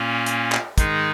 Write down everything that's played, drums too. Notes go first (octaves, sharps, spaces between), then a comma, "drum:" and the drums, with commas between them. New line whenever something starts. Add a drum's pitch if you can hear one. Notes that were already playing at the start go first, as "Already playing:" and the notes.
Already playing: A#2 A#3 C#4
drum: hi-hat
drum: clap
D#3 G#3 D#4 G#4, drum: kick, hi-hat